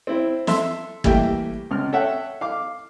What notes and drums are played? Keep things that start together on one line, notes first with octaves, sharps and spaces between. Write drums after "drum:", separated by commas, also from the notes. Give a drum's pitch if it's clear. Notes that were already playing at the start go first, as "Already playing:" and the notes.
C4 E4
A4 E5 C6 E6, drum: snare
E3 G3 A3 A#3 E5 G5, drum: kick
C#2 F6
A4 C#5 E5 F#5 G5
F5 D6